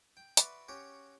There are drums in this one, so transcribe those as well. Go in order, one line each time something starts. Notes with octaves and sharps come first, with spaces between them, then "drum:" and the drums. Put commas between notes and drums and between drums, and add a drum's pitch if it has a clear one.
G5
F#4 B4 D5 E5 C6, drum: hi-hat
C#4 F#4 G4